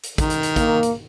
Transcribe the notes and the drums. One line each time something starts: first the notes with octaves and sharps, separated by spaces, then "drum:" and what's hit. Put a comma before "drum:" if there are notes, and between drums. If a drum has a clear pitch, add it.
drum: hi-hat
D#3, drum: kick, hi-hat
drum: hi-hat
drum: hi-hat
A#3, drum: kick, hi-hat
drum: hi-hat